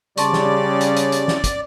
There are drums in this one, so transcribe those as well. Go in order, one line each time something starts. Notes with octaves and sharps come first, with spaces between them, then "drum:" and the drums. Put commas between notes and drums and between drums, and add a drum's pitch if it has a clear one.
C#3 G3 D5 A5 C6 C#6, drum: hi-hat
drum: snare
C#4
drum: hi-hat
drum: hi-hat
drum: hi-hat
drum: snare
drum: kick, hi-hat